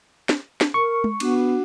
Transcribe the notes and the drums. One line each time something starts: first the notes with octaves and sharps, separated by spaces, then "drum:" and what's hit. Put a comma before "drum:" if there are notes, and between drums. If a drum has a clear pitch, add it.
drum: snare
drum: snare
A#4 C#6
drum: tom G#3
B3 D4 F#4 F#5, drum: cymbal